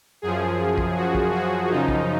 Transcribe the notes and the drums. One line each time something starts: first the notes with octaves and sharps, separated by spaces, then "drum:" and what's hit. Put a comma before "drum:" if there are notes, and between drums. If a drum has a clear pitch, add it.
F#2 F3 G#4
drum: kick
F#4
drum: kick
F#4
F#2 C#3 F3 D#4
drum: kick